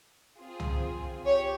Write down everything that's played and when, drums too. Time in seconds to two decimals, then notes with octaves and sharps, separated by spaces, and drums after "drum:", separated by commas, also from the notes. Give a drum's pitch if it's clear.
0.39 C4 F4 G#4
0.60 drum: tom
1.25 G4 C#5